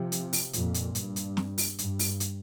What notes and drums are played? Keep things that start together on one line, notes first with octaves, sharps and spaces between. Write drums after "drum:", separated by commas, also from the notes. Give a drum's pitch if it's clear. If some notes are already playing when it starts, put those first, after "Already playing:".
Already playing: C3 F3
drum: hi-hat
drum: open hi-hat
F2 A#2, drum: hi-hat
drum: hi-hat
G2, drum: hi-hat
drum: hi-hat
drum: snare
drum: open hi-hat
G2, drum: hi-hat
drum: open hi-hat
drum: hi-hat